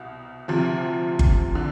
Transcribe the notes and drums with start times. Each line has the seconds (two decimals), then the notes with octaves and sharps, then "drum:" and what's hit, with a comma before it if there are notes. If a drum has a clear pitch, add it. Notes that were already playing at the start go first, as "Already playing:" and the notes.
Already playing: C2 B2
0.48 D2 C3 F3
1.19 drum: kick G1
1.55 D3